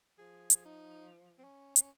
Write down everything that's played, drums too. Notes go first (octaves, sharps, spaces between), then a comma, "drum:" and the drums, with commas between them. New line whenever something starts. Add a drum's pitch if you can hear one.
F3 G#4
drum: hi-hat
D#4
C4
C#4
C4, drum: hi-hat
C#4